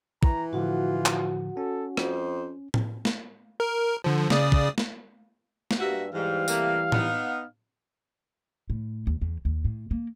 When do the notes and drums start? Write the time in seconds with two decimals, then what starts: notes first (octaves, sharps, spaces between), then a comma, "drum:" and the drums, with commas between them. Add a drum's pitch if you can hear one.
0.23 E3 A#5, drum: kick
0.53 A2 D3 F3 F4 F#4 F#5
1.06 drum: clap
1.57 C#4 A4
1.97 F2 C5, drum: rim click
2.74 drum: tom A2
3.05 drum: snare
3.60 A#4
4.04 D3 F3
4.30 C#3 D5 D#6, drum: snare
4.52 drum: kick
4.78 drum: snare
5.71 drum: snare
5.80 G2 A#3 F#4 G4 E5
6.13 G#2 E3 G3 F5
6.48 C3 A3 A#3, drum: tambourine
6.92 B3 D#4, drum: tom A2
8.70 A2
9.07 D#2
9.21 E2
9.45 D#2
9.65 A2
9.91 A#3